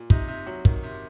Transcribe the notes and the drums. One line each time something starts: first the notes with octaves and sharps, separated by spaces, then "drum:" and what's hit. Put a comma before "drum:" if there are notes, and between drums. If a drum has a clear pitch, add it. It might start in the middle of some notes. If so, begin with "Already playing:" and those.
Already playing: A#2
C3 D#4, drum: kick
C3
F#3
D#3, drum: kick
C3